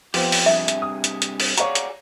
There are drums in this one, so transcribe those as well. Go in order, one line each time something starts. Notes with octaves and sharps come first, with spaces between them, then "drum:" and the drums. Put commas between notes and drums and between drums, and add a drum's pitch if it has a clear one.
F3 B3 C4 F4 G4, drum: open hi-hat
drum: open hi-hat
G2 C3 G#4 E5
drum: hi-hat
D#6
drum: hi-hat
drum: hi-hat
drum: open hi-hat
F#4 G#4 C#5 D5 F5 A#5, drum: hi-hat
drum: hi-hat